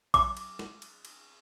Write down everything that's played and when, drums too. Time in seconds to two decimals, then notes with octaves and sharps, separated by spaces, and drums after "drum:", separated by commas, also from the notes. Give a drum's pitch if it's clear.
0.14 D6, drum: kick, cymbal
0.37 drum: cymbal
0.59 drum: snare
0.82 drum: cymbal
1.05 drum: cymbal